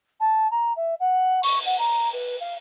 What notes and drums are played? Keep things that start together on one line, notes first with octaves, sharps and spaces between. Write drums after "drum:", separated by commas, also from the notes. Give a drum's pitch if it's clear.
A5
A#5
E5
F#5
C#6, drum: open hi-hat
F#5
A#5
B4
F5